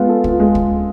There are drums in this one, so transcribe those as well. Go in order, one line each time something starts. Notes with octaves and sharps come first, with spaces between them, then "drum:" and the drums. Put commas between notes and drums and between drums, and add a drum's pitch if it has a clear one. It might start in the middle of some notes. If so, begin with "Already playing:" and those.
Already playing: G#3 B3 F4
A4
F4, drum: kick
G#3
drum: kick